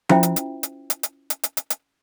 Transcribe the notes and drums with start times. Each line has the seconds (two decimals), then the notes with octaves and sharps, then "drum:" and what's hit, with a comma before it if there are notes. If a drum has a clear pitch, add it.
0.09 C#4 E4 F4 C5 E5 G5, drum: tom F3
0.23 drum: hi-hat
0.36 drum: hi-hat
0.63 drum: hi-hat
0.90 drum: hi-hat
1.03 drum: hi-hat
1.30 drum: hi-hat
1.43 drum: hi-hat
1.57 drum: hi-hat
1.70 drum: hi-hat